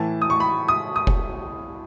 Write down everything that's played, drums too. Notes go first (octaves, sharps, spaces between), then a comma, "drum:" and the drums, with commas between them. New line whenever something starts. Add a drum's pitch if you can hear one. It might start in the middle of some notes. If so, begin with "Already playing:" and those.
Already playing: A2 E3 A5
D#6
C#6
B5
D#6
D#6
drum: kick F1